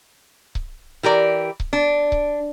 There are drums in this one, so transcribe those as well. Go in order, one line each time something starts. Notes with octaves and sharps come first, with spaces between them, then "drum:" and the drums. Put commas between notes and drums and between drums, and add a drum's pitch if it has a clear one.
drum: kick C#1
E3 G4 A#4 D5
drum: kick C#1
D4
drum: kick C#1